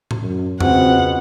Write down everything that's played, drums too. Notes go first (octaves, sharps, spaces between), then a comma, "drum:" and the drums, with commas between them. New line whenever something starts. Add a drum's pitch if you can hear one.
drum: tom A2
F#2
C#2 B2 C4 F#5, drum: tom E2